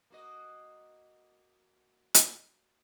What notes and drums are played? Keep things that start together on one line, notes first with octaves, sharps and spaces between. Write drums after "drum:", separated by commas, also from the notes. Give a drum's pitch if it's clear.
A#3 F#4 D#5
drum: hi-hat